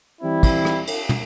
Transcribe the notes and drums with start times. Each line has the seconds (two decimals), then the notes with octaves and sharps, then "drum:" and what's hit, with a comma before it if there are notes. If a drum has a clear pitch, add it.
0.20 E3 G3 C4 E4
0.43 drum: kick, cymbal
0.65 drum: rim click
0.87 drum: cymbal
1.09 drum: tom